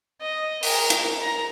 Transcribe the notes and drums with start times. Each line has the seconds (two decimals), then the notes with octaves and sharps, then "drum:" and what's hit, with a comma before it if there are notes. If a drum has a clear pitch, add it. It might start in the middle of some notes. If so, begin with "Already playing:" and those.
0.21 D#5
0.63 A#4, drum: open hi-hat
0.90 drum: hi-hat
1.21 A#5